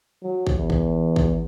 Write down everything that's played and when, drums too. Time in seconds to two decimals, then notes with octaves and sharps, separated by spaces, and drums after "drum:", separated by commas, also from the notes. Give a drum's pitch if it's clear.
0.23 F#3
0.47 drum: kick
0.58 E2
0.70 drum: kick
1.16 drum: kick